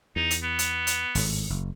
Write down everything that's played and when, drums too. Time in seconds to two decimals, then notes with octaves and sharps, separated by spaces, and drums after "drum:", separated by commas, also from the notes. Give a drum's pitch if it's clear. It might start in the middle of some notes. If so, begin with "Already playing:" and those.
0.16 E2 D#4
0.31 drum: hi-hat
0.43 B3
0.59 drum: hi-hat
0.87 drum: hi-hat
1.15 G#1 A2, drum: open hi-hat
1.50 F#1